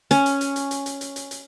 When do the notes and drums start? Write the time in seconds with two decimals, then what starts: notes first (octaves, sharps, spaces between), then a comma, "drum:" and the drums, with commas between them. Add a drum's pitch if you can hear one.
0.11 C#4, drum: hi-hat
0.26 drum: hi-hat
0.41 drum: hi-hat
0.56 drum: hi-hat
0.71 drum: hi-hat
0.86 drum: hi-hat
1.01 drum: hi-hat
1.16 drum: hi-hat
1.31 drum: hi-hat